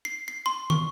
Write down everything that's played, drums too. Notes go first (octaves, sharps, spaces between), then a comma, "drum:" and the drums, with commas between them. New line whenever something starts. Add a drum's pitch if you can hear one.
C7
C7
C6
C#6, drum: tom